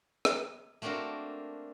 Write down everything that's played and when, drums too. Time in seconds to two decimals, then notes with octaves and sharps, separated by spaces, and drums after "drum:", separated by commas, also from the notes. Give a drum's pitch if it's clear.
0.25 drum: rim click
0.82 A3 A#3 C4 D4 F#4 A#4